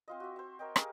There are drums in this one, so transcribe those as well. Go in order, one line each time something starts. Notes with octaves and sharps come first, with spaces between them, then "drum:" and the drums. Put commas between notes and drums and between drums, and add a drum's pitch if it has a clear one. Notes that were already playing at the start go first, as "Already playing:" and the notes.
C4 F4 D#5
F#4 E5
C5 E5
A#4 C#5 D#5 G5
G4 G#4 A#4 F5, drum: rim click